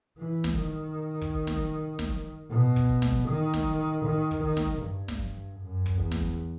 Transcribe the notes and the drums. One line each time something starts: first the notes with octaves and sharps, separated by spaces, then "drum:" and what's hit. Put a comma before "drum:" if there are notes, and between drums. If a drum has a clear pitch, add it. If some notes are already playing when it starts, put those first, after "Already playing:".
E3
drum: snare
D#3
drum: kick
drum: snare
drum: snare
B2
drum: kick
drum: snare
D#3
drum: snare
D#3
drum: kick
D#3
drum: snare
G2
drum: snare
F#2
drum: kick
E2
drum: snare